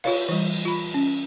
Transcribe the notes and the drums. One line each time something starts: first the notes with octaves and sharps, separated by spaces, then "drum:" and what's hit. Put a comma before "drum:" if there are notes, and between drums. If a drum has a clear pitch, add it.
F4 C#5 F5, drum: cymbal
E3 G3
F4 B5
C#4